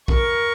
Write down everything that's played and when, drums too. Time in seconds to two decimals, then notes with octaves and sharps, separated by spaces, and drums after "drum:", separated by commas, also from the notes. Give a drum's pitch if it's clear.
0.08 A#4 C#6, drum: kick